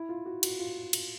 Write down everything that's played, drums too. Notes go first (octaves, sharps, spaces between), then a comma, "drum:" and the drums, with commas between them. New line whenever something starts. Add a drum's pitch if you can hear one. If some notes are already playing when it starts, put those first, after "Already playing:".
Already playing: E4
F4
F#4
F#4, drum: cymbal
F4
drum: cymbal